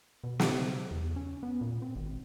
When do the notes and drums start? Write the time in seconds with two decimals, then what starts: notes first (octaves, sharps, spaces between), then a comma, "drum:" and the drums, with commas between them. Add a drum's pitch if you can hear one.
0.24 B2
0.39 drum: snare
0.50 C#3
0.91 E2
1.16 C#4
1.43 B3
1.61 A#2
1.82 C4
1.96 G#1